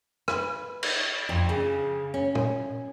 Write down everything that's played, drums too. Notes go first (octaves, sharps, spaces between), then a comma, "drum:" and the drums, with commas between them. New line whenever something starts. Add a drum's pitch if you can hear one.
B4, drum: rim click
drum: cymbal
F2
C#3
C#4
drum: tom